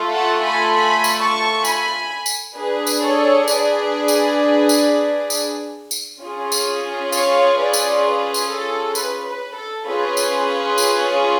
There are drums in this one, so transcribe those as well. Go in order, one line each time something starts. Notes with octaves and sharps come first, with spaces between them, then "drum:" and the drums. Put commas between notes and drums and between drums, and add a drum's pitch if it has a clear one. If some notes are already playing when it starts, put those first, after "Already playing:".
Already playing: A3 F4 A4
F#5 A5
G#5 B5
G#5 B5
drum: tambourine
A5 C#6
G#5 B5, drum: tambourine
drum: tambourine
D4 G#4 B4
drum: tambourine
A4 C#5
B4 D5, drum: tambourine
drum: tambourine
drum: tambourine
drum: tambourine
drum: tambourine
C#4 F4 G#4
drum: tambourine
C#5 F5, drum: tambourine
B4 D5
drum: tambourine
B4
drum: tambourine
A4
B4, drum: tambourine
B4
A4
C#4 F4 G#4 B4
drum: tambourine
drum: tambourine